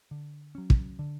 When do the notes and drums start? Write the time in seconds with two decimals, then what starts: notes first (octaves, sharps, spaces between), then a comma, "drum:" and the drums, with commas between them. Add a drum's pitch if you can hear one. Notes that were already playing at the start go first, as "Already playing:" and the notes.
0.11 D3
0.55 F#3 C#4
0.70 drum: kick
0.99 D3